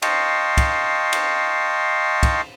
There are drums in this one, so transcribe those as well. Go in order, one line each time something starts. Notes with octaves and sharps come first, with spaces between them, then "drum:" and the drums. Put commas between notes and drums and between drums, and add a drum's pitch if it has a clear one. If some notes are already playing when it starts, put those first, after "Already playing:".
D#5 F5 G5 A5 C6 C#6, drum: cymbal
drum: kick, cymbal
drum: cymbal
drum: kick, cymbal